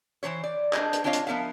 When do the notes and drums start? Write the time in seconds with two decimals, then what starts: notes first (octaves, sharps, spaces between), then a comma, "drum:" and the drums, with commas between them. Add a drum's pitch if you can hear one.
0.23 E3 F3 C5 C#5
0.44 D5
0.73 D4 G#4 C5 D#5, drum: clap
0.93 drum: hi-hat
1.04 C4 D4 F4 C#5 D#5 F5
1.13 drum: hi-hat
1.27 F3 B3 A#4 E5 F5